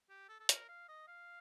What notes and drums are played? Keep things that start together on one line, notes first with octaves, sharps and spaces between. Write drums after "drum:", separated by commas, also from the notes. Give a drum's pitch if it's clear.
G4
A4
A4
A#4, drum: hi-hat
F5
D#5
F5